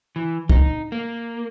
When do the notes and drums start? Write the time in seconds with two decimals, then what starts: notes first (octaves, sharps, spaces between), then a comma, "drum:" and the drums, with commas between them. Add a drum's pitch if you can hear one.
0.16 E3
0.49 D#4, drum: kick
0.92 A#3